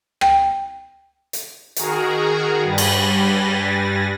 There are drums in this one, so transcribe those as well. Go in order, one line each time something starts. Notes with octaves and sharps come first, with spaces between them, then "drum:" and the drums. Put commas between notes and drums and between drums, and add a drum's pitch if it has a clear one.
G5, drum: rim click
drum: hi-hat
D#3 F#4 G#4 A#4 A#5, drum: hi-hat
G2 G3 B4 G#5 A6 A#6
drum: cymbal